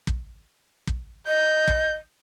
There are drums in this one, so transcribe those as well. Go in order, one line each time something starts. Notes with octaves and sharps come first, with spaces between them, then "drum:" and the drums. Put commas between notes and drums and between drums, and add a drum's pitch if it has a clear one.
drum: kick
drum: kick
D#5 G6
drum: kick